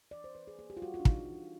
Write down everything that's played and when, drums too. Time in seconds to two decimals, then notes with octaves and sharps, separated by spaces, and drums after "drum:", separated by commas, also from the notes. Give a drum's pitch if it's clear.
0.11 E3 D5
0.24 C5
0.35 E3 B4
0.48 G#4
0.58 A#3 G#4
0.70 G4
0.77 F4
0.82 G3 F#4
0.94 F4
1.00 D4
1.05 E3 D#4, drum: kick
1.29 E3